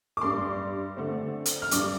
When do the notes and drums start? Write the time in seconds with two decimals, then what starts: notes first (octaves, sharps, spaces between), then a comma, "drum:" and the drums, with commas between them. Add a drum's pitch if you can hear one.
0.17 D6
0.21 G2 G3 D4 C6
0.97 D3 A3 C4
1.46 drum: hi-hat
1.62 F6
1.71 G2 G3 D4 D6, drum: hi-hat